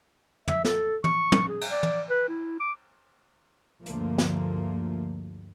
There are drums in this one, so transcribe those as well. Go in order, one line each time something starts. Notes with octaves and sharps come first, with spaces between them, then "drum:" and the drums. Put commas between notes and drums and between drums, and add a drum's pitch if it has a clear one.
E5, drum: tom
A4, drum: snare
C#6, drum: tom
drum: tom
G#4
drum: cymbal
D5
drum: tom
B4
E4
D6
D2 G2 D3 F3 A3 A#3, drum: hi-hat
drum: snare